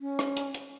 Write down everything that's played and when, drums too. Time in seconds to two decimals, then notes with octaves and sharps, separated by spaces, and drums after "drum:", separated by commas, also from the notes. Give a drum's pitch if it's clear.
0.01 C#4
0.19 drum: rim click
0.37 drum: hi-hat
0.54 drum: hi-hat